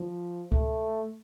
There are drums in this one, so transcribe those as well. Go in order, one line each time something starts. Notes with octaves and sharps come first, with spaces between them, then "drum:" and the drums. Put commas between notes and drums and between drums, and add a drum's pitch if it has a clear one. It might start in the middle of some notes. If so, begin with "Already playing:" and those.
Already playing: F3
A3, drum: kick C#2